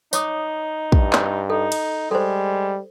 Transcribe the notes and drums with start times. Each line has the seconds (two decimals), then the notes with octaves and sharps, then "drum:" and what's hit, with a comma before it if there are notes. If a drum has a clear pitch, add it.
0.13 D#4 C#5 D6 D#6, drum: tambourine
0.92 G2, drum: kick
1.13 drum: clap
1.50 D#4 A4
1.72 drum: cymbal
2.11 G3 G#3 A4 C5